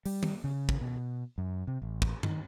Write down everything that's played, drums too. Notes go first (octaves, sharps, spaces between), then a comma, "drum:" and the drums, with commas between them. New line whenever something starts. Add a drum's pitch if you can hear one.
G3, drum: open hi-hat
drum: tom D#3
C#3
drum: kick
B2
F#2
C3
A1
drum: kick
D#3, drum: tom G2